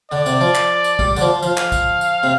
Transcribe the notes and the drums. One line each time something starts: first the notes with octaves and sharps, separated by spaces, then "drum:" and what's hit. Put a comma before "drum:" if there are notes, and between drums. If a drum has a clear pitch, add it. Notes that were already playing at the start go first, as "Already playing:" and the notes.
D3 D5
C3, drum: tambourine
F3
drum: clap
drum: tambourine
G3, drum: kick
D3, drum: tambourine
F3
F3 F5, drum: tambourine
drum: clap
drum: kick, tambourine
drum: tambourine
C3